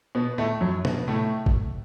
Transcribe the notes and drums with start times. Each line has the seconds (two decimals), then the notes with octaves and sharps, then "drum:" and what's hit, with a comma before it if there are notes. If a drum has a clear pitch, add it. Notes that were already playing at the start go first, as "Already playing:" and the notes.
0.15 B2 B3
0.38 A2 A3
0.61 F#2 F#3
0.85 B2 B3, drum: tom C3
1.08 A2 A3
1.46 drum: kick G1